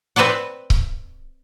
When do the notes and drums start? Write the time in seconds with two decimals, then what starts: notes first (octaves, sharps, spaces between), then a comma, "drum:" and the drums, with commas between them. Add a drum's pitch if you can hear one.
0.16 C4 B4 C5 D5 F#5
0.70 drum: kick C#1